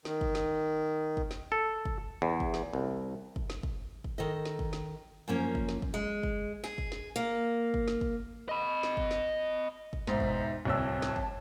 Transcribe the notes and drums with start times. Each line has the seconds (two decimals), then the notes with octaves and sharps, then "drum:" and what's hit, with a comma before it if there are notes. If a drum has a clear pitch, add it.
0.05 D#3, drum: snare
0.21 drum: kick
0.35 drum: snare
1.17 drum: kick
1.31 drum: snare
1.52 A4
1.85 drum: kick
2.22 E2
2.40 drum: kick
2.54 drum: snare
2.73 C2
3.36 drum: kick
3.50 drum: snare
3.63 drum: kick
4.04 drum: kick
4.18 D#3 A4 D#5
4.45 drum: snare
4.59 drum: kick
4.73 drum: snare
5.28 F#2 F3 A#3 C#4
5.55 drum: kick
5.69 drum: snare
5.82 drum: kick
5.94 G#3
6.23 drum: kick
6.64 G#4, drum: snare
6.78 drum: kick
6.92 drum: snare
7.16 A#3
7.74 drum: kick
7.88 drum: snare
8.01 drum: kick
8.49 D#5 B5
8.83 drum: snare
8.97 drum: kick
9.11 drum: snare
9.93 drum: kick
10.07 E1 G#2 D#4 C5 E5, drum: snare
10.20 drum: kick
10.65 D1 C2 C#5 A5 E6
11.02 drum: snare
11.16 drum: kick